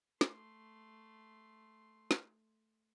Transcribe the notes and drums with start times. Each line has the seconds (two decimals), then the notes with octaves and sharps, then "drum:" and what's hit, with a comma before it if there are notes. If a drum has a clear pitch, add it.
0.21 A3 C6, drum: snare
2.11 drum: snare